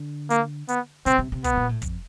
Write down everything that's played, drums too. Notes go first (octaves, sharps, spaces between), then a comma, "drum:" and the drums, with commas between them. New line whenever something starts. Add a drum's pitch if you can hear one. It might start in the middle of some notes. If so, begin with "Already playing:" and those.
Already playing: D3
A#3, drum: hi-hat
B3, drum: hi-hat
C3 C4, drum: hi-hat
C3
C3
B2 B3, drum: kick, hi-hat
A#2
A2
F2, drum: kick, hi-hat